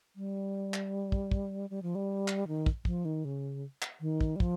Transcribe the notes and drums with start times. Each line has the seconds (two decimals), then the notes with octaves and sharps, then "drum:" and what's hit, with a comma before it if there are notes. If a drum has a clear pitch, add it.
0.16 G3
0.74 drum: clap
1.12 drum: kick
1.31 drum: kick
1.70 G3
1.83 F3
1.95 G3
2.28 drum: clap
2.48 D#3
2.66 drum: kick
2.85 F3, drum: kick
3.05 D#3
3.25 C#3
3.82 drum: clap
4.01 D#3
4.21 drum: kick
4.36 G3
4.40 F3, drum: kick